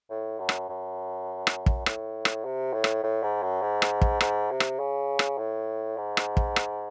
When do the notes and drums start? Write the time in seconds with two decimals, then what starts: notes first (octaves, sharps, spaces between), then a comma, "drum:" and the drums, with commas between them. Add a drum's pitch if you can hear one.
0.10 A2
0.39 F#2
0.49 drum: rim click
0.69 F#2
1.47 drum: rim click
1.66 drum: kick
1.86 A2, drum: rim click
2.25 drum: rim click
2.45 C3
2.74 A2
2.84 drum: rim click
3.04 A2
3.23 G#2
3.42 F#2
3.62 G#2
3.82 drum: rim click
4.02 drum: kick
4.21 G#2, drum: rim click
4.51 C3
4.60 drum: rim click
4.79 C#3
5.19 drum: rim click
5.38 A2
5.97 G#2
6.17 drum: rim click
6.37 drum: kick
6.56 drum: rim click